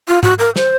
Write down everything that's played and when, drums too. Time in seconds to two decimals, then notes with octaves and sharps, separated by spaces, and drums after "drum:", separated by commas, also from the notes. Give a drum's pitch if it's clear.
0.08 F4
0.23 F#4, drum: tom G#2
0.39 A#4
0.56 C5, drum: snare